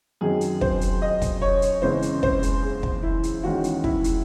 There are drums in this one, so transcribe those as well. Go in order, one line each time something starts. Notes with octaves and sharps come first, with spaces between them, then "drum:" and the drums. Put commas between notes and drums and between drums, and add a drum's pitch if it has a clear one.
F#2 D#3 F#3 C4 D#4 G#4
drum: hi-hat
C5, drum: kick
drum: hi-hat
D#5
drum: kick, hi-hat
C#5
drum: hi-hat
E2 C#3 G#3 C4 E4 C5
drum: hi-hat
C5, drum: kick
drum: hi-hat
G#4
drum: kick
E4
drum: hi-hat
E2 D#3 G#3 C#4 F#4
drum: hi-hat
E4, drum: kick
drum: hi-hat